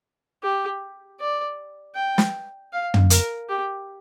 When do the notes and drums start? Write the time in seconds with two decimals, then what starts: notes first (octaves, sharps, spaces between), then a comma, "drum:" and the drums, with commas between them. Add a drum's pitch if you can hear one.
0.44 G4
1.20 D5
1.96 G5
2.18 drum: snare
2.73 F5
2.94 drum: tom
3.10 A#4, drum: hi-hat
3.49 G4